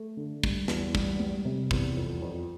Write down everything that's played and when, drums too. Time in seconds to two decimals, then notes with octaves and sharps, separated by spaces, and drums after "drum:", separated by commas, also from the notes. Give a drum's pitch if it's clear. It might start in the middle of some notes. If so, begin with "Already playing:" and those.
Already playing: A3
0.17 D3
0.43 G3, drum: kick
0.68 E2, drum: snare
0.95 G3, drum: kick
1.20 G3
1.45 C3
1.71 E2, drum: kick
1.96 F2
2.22 F2